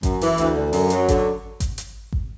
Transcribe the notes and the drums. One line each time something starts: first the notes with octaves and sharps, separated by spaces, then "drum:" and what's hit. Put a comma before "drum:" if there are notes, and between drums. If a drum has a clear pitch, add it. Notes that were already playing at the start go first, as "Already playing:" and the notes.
F#2, drum: kick G#1, hi-hat
E3, drum: open hi-hat
D2, drum: hi-hat
D3
F#2, drum: open hi-hat
F#3, drum: hi-hat
D3, drum: kick G#1, hi-hat
drum: kick G#1, hi-hat
drum: hi-hat
drum: kick G#1